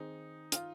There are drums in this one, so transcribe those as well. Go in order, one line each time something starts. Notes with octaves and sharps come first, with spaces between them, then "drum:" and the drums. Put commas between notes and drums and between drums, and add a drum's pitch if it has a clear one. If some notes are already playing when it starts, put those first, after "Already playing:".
Already playing: D#3 C4 D#4 G#4
F4, drum: hi-hat